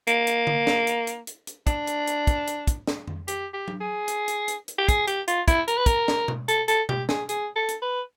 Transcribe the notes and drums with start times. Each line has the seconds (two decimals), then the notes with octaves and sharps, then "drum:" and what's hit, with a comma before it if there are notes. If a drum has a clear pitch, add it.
0.07 A#3, drum: hi-hat
0.27 drum: hi-hat
0.47 drum: tom
0.67 drum: snare
0.87 drum: hi-hat
1.07 drum: hi-hat
1.27 drum: hi-hat
1.47 drum: hi-hat
1.67 D4, drum: kick, hi-hat
1.87 drum: hi-hat
2.07 drum: hi-hat
2.27 drum: kick, hi-hat
2.47 drum: hi-hat
2.67 drum: kick, hi-hat
2.87 drum: snare
3.08 drum: tom F2
3.28 G4, drum: hi-hat
3.54 G4
3.68 drum: tom F#3
3.81 G#4
4.08 drum: hi-hat
4.28 drum: hi-hat
4.48 drum: hi-hat
4.68 drum: hi-hat
4.78 G4
4.89 G#4, drum: kick, hi-hat
5.07 G4, drum: hi-hat
5.28 F4, drum: hi-hat
5.48 E4, drum: kick, hi-hat
5.68 A#4, drum: hi-hat
5.77 B4
5.86 A#4, drum: kick, hi-hat
6.08 drum: snare
6.28 drum: tom B2
6.48 A4, drum: hi-hat
6.68 A4, drum: hi-hat
6.89 G4, drum: tom B2
7.09 G#4, drum: snare
7.29 G#4, drum: hi-hat
7.56 A4
7.69 drum: hi-hat
7.82 B4